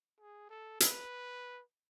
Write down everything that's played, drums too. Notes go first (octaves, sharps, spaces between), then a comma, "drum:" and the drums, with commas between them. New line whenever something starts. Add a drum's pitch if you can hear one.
G#4
A4
B4, drum: hi-hat